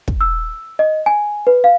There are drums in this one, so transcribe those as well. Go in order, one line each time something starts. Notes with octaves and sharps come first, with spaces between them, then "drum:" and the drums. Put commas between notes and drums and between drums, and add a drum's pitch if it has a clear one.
drum: kick
E6
D#5
G#5
B4
F5